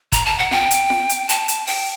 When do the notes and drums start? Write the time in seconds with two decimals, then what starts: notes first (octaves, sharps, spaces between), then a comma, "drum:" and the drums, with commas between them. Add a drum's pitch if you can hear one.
0.12 A#5, drum: kick, hi-hat
0.25 A5
0.39 F#5
0.51 G5, drum: snare F4
0.71 drum: hi-hat
0.90 drum: snare F4
1.09 drum: hi-hat
1.29 A5, drum: hi-hat
1.48 drum: hi-hat
1.67 G5, drum: open hi-hat